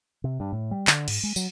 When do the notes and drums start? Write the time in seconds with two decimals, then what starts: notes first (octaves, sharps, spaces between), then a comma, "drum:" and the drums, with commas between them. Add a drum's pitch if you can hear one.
0.24 C3
0.40 G2
0.52 A2
0.71 G3
0.87 D3, drum: clap
1.08 G#2, drum: cymbal
1.23 G#3
1.36 F#3, drum: tambourine